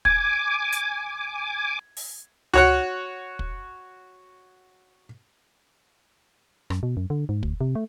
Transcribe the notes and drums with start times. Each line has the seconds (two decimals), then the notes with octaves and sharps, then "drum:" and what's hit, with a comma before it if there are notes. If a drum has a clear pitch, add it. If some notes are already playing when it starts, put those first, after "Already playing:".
0.05 G#5 D6 G#6, drum: kick
0.73 drum: hi-hat
1.97 drum: open hi-hat
2.54 F#4 C#5 F#5, drum: tom C#2
3.39 drum: kick
6.70 F#2, drum: rim click
6.83 B2
6.97 F#2
7.10 D3
7.29 G#2
7.43 D2, drum: kick
7.61 C3
7.75 A3